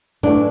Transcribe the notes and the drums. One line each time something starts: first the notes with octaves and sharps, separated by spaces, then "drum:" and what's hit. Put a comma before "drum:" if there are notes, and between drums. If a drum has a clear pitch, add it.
F#2 E3 A3 D4, drum: tom G#2